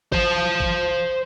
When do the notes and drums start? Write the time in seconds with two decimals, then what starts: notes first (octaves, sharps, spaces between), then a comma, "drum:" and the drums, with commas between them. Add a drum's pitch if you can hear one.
0.12 C5 A5, drum: kick
0.60 drum: kick